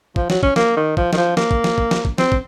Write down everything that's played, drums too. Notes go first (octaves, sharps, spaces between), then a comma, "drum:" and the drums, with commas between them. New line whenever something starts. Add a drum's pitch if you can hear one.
F3, drum: kick
F#3, drum: snare
C#4, drum: kick
A#3, drum: snare
D#3
F3, drum: kick
D#3, drum: snare
F3
A#3, drum: snare
drum: kick
drum: snare
drum: kick
drum: snare
drum: kick
C4, drum: snare
drum: kick